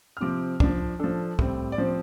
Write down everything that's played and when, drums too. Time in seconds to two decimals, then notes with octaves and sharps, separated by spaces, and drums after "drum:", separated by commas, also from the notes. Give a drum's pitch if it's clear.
0.17 F6
0.21 C3 F3 C4 D6
0.60 F3 D4 D5, drum: kick
0.99 F3 D4 A4
1.39 A2 G3 C4, drum: kick
1.72 D5
1.78 F3 C4 C5